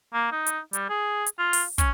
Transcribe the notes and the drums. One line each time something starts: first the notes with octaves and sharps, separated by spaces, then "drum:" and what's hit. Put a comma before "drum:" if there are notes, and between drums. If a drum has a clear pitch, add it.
A#3
D#4
drum: hi-hat
G3, drum: hi-hat
G#4
drum: hi-hat
F4
drum: open hi-hat
C#4, drum: kick, hi-hat